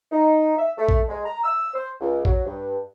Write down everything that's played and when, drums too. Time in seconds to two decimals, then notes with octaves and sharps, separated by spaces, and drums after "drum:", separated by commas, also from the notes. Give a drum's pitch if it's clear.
0.12 D#4
0.57 E5
0.78 A3
0.89 drum: kick A#1
1.09 G#3
1.25 A#5
1.44 E6
1.74 C5
2.01 C#2
2.25 F#3, drum: kick A#1
2.46 G2